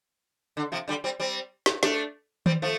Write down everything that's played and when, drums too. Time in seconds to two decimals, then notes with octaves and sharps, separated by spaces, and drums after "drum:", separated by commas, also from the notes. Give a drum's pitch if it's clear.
0.57 D3
0.72 C3 F3
0.88 D3 G3
1.04 G3 C4
1.20 G3 C4
1.66 drum: snare
1.83 A3 D4, drum: snare
2.46 G3 C4, drum: tom D#3
2.62 F3 A3